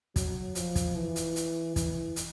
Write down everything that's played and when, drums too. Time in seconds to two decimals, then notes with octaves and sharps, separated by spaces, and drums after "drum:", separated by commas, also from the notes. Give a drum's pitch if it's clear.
0.16 F#3, drum: kick, hi-hat
0.55 F3, drum: hi-hat
0.75 drum: kick, hi-hat
0.96 E3
1.16 drum: hi-hat
1.36 drum: hi-hat
1.76 E3, drum: kick, hi-hat
2.16 drum: hi-hat